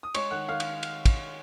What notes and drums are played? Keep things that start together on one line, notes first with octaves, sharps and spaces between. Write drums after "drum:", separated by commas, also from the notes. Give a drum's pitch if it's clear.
D#6
G#3 C#5 C#6, drum: cymbal
D#3 F#5 F#6
D#3 F5 F6
drum: cymbal
drum: cymbal
drum: kick, cymbal